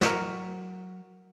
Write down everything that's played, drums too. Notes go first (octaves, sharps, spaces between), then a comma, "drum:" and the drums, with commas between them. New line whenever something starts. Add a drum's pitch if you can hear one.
F#3 F#4 A#4 F5 G5, drum: snare